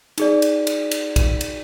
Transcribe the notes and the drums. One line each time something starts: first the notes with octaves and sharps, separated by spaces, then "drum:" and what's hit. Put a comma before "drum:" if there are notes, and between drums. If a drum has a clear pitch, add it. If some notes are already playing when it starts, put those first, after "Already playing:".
D#4 G#4 D5, drum: cymbal
drum: cymbal
drum: cymbal
drum: cymbal
drum: kick, cymbal
drum: cymbal